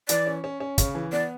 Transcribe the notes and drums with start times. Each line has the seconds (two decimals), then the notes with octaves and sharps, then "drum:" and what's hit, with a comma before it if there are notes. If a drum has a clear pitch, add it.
0.09 E3 D5, drum: hi-hat
0.27 C#4
0.44 C#4
0.60 C#4
0.78 C#3, drum: kick, hi-hat
0.95 E3
1.12 B3 D5